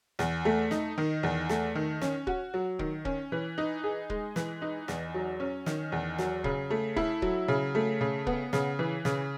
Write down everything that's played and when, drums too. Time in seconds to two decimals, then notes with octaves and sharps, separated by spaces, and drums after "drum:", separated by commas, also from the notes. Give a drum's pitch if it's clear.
0.19 E2, drum: snare
0.45 A3
0.71 D#4, drum: snare
0.98 D#3
1.23 E2
1.49 A3, drum: snare
1.75 D#3
2.02 C#4, drum: snare
2.27 F#4, drum: kick
2.54 F#3
2.79 D#3, drum: kick
3.05 C#4, drum: kick
3.32 E3
3.58 D#4
3.84 G#4
4.10 G#3, drum: kick
4.36 E3, drum: snare
4.62 D#4
4.88 E2, drum: snare
5.14 F#3
5.40 C#4
5.66 D#3, drum: snare
5.92 E2
6.18 F#3, drum: snare
6.44 C#3, drum: kick
6.70 A3
6.96 E4, drum: kick
7.22 F#3, drum: kick
7.48 C#3
7.75 A3
8.01 C#3
8.27 B3, drum: kick
8.53 C#3, drum: snare
8.79 E3
9.05 C#3, drum: snare